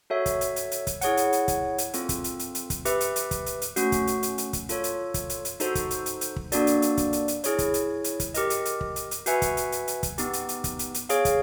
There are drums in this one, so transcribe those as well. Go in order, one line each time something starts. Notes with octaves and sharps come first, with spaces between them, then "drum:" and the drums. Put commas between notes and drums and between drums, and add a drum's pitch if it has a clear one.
F#4 A4 C#5 E5
drum: kick, hi-hat
drum: hi-hat
drum: hi-hat
drum: hi-hat
drum: kick, hi-hat
E4 G#4 C#5 F#5, drum: hi-hat
drum: hi-hat
drum: hi-hat
drum: kick, hi-hat
drum: hi-hat
C4 F4 A4, drum: hi-hat
drum: kick, hi-hat
drum: hi-hat
drum: hi-hat
drum: hi-hat
drum: kick, hi-hat
G4 B4 E5, drum: hi-hat
drum: hi-hat
drum: hi-hat
drum: kick, hi-hat
drum: hi-hat
drum: hi-hat
A3 C#4 F#4, drum: hi-hat
drum: kick, hi-hat
drum: hi-hat
drum: hi-hat
drum: hi-hat
drum: kick, hi-hat
F4 A4 C#5, drum: hi-hat
drum: hi-hat
drum: kick, hi-hat
drum: hi-hat
drum: hi-hat
D#4 F#4 A4 C5, drum: hi-hat
drum: kick, hi-hat
drum: hi-hat
drum: hi-hat
drum: hi-hat
drum: kick
A#3 D4 F#4 A4 D5, drum: hi-hat
drum: hi-hat
drum: hi-hat
drum: kick, hi-hat
drum: hi-hat
drum: hi-hat
E4 G#4 C#5, drum: hi-hat
drum: kick, hi-hat
drum: hi-hat
drum: hi-hat
drum: kick, hi-hat
G4 A#4 D#5, drum: hi-hat
drum: hi-hat
drum: hi-hat
drum: kick
drum: hi-hat
drum: hi-hat
F#4 B4 E5 G#5, drum: hi-hat
drum: kick, hi-hat
drum: hi-hat
drum: hi-hat
drum: hi-hat
drum: kick, hi-hat
B3 D#4 G4, drum: hi-hat
drum: hi-hat
drum: hi-hat
drum: kick, hi-hat
drum: hi-hat
drum: hi-hat
G#4 C#5 F5, drum: hi-hat
drum: kick, hi-hat